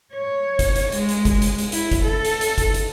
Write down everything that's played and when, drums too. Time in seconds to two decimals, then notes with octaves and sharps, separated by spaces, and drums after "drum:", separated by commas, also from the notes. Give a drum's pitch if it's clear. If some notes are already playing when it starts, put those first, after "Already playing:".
0.14 C#5
0.59 drum: kick, hi-hat
0.76 drum: hi-hat
0.92 G#3, drum: hi-hat
1.09 drum: hi-hat
1.25 drum: kick, hi-hat
1.42 drum: hi-hat
1.58 drum: hi-hat
1.72 E4, drum: hi-hat
1.92 drum: kick, hi-hat
2.03 A4
2.25 drum: hi-hat
2.41 drum: hi-hat
2.58 drum: kick, hi-hat
2.74 drum: hi-hat